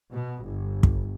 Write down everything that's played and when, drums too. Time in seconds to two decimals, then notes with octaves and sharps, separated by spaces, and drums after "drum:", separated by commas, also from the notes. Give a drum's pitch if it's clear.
0.13 B2
0.44 G1
0.83 drum: kick